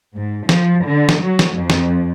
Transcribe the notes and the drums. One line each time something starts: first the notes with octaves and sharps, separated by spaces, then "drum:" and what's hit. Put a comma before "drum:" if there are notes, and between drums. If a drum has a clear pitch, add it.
G#2
F3, drum: snare
D3
drum: snare
F#3
drum: snare
F2
drum: snare